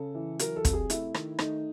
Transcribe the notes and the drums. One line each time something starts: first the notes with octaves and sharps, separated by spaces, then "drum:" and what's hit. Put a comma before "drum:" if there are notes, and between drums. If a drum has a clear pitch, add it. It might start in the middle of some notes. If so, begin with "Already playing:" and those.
Already playing: C#3 A4
E3
F#3 A#4, drum: hi-hat
A4
C3, drum: kick, hi-hat
G#4
A3 E4, drum: hi-hat
D#3, drum: rim click
A3 D#4, drum: rim click